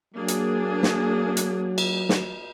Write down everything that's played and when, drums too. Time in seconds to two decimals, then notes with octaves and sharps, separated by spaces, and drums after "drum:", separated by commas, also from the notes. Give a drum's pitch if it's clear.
0.14 F#3 A#3 D4 G#4
0.28 drum: hi-hat
0.83 drum: snare
1.37 drum: hi-hat
1.78 drum: cymbal
2.09 drum: snare